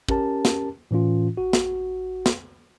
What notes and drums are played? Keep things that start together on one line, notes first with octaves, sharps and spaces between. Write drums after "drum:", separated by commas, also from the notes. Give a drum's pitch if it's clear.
C#4 G4 A#4 A5, drum: kick
drum: snare
A2 E3 C#4 F4
A1 F#4
drum: snare
drum: snare